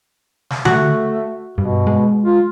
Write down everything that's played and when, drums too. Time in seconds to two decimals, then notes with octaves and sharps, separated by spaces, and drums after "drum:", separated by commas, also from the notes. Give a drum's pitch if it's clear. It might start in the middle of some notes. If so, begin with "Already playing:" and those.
0.50 drum: snare
0.65 A3 F#4 F#5, drum: tom D3
1.58 G2 B2
1.87 G#3
2.24 F4